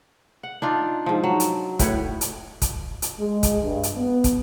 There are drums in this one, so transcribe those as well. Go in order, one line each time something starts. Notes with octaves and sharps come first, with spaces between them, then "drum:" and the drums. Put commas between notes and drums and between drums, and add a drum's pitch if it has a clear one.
F#5
D4 D#4 F4
G#2 F3
F#3
drum: hi-hat
A2 B4 C#5, drum: kick, hi-hat
drum: hi-hat
drum: kick, hi-hat
drum: hi-hat
G#3
drum: kick, hi-hat
G2
drum: hi-hat
B3
drum: kick, hi-hat